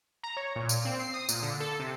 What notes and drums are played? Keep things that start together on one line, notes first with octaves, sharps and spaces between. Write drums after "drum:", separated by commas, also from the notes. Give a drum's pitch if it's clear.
A#5
C#5
A#2
drum: tambourine
C4
C7
D#6
A#2, drum: tambourine
D3
A4
C3